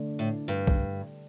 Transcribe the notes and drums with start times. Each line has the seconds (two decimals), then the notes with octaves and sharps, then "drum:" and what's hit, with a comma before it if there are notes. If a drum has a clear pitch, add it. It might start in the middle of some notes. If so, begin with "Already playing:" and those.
Already playing: D3 A3 D4
0.19 A2
0.48 G2
0.67 drum: kick